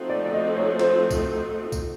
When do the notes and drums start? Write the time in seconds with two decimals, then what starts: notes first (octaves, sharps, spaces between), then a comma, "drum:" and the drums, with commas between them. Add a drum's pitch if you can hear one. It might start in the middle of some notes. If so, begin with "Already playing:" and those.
Already playing: F3 A3 C4 D#4 F#4
0.10 D5
0.26 D5
0.33 D#5
0.57 C#5
0.79 C5, drum: snare
1.11 drum: kick B1, tambourine
1.72 drum: kick B1, tambourine